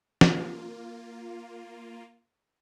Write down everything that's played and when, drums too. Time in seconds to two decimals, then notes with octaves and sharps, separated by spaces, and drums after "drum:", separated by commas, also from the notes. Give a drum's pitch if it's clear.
0.21 A#3 F4, drum: snare